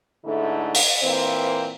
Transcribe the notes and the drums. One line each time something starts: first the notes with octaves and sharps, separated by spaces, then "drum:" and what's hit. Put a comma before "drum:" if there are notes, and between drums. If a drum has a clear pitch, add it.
G#2 D3 A3 E4 A4
drum: open hi-hat
A#2 E3 A#3 C4